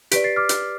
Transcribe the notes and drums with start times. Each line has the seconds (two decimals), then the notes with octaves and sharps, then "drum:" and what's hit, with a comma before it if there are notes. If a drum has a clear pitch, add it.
0.11 G4 B4 D5 B6 D7, drum: hi-hat
0.24 A6 C7
0.36 D6 F6
0.49 drum: hi-hat